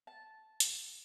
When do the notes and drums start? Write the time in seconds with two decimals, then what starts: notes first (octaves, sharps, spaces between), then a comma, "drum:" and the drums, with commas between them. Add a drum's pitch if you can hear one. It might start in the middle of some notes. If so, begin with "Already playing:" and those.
0.07 A5
0.60 drum: hi-hat